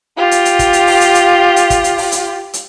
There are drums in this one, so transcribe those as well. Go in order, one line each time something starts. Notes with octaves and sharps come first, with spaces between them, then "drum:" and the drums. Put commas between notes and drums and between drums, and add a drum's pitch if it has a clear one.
F4 G4
drum: hi-hat
drum: hi-hat
drum: kick, hi-hat
drum: hi-hat
drum: open hi-hat
drum: hi-hat
drum: hi-hat
drum: hi-hat
drum: kick, hi-hat
drum: hi-hat
drum: open hi-hat
drum: hi-hat
drum: hi-hat